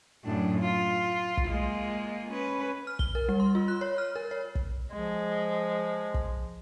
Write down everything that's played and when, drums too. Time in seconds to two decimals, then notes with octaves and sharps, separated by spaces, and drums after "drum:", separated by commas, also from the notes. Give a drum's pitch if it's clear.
0.25 F#2 A2 D4
0.60 F4
1.37 drum: kick
1.48 G#3 A#3 F4
2.30 C#4 B4
2.87 F6
2.99 G7, drum: kick
3.15 A#4
3.29 G3
3.40 C6
3.55 F4
3.68 F#6
3.81 C#5
3.98 F6
4.16 A#4
4.31 C#5
4.55 drum: kick
4.92 F3 G#3
6.14 drum: kick